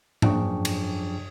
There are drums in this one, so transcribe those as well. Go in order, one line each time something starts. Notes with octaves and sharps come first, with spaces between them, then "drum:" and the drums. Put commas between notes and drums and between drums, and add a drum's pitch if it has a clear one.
F#2 F3 D4 G#4 G5 C#6, drum: tom G#2
drum: cymbal